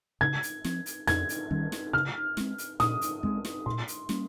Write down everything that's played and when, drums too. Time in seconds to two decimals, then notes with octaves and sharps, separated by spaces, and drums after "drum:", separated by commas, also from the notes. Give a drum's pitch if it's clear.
0.21 C#3 G#6
0.43 drum: hi-hat
0.64 F3 C4, drum: snare
0.86 drum: hi-hat
1.07 F2 G#6, drum: snare
1.29 drum: hi-hat
1.51 D#3 G3 C#4, drum: kick
1.72 drum: snare
1.93 C#3 F6
2.37 G#3 C4, drum: snare
2.58 drum: hi-hat
2.80 A#2 D#6, drum: snare
3.01 drum: hi-hat
3.23 G#3 C4, drum: kick
3.45 drum: snare
3.66 A#2 C6
3.88 drum: hi-hat
4.09 G3 A#3 C#4, drum: snare